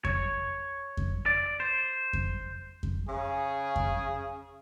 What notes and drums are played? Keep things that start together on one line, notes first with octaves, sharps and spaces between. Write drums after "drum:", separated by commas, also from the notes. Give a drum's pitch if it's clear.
C#5, drum: kick F2
drum: kick F2
D5
C5
drum: kick F2
drum: kick F2
C#3 G#4
drum: kick F2